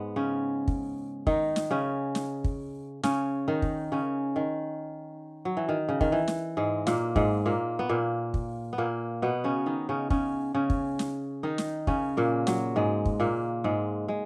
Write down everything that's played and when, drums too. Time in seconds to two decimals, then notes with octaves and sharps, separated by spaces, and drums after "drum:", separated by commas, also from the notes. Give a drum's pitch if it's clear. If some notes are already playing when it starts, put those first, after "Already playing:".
Already playing: G#2 G#3 B3
0.16 C#3 C#4
0.68 drum: kick
1.27 D#3 D#4, drum: kick
1.56 drum: snare
1.71 C#3 C#4
2.15 drum: snare
2.44 drum: kick
3.03 C#3 C#4, drum: snare
3.48 D#3 D#4
3.62 drum: kick
3.92 C#3 C#4
4.36 D#3
5.45 F#3
5.57 E3
5.69 D#3
5.89 C#3
6.01 D#3, drum: kick
6.12 E3
6.28 drum: snare
6.57 G#2 G#3
6.87 A#2 A#3, drum: snare
7.16 G#2 G#3, drum: kick
7.46 A#2 A#3
7.79 B3
7.89 A#2 A#3
8.34 drum: kick
8.73 B3
8.78 A#2 A#3
9.22 B2 B3
9.44 C#3 C#4
9.66 D#3 D#4
9.89 C#3 C#4
10.10 C#3 C#4, drum: kick
10.55 C#3 C#4
10.70 drum: kick
10.99 drum: snare
11.43 D#3 D#4
11.58 drum: snare
11.87 C#3 C#4, drum: kick
12.17 A#2 A#3
12.47 F#3, drum: snare
12.76 G#2 G#3
13.05 drum: kick
13.20 A#2 A#3
13.64 G#2 G#3
14.08 G#3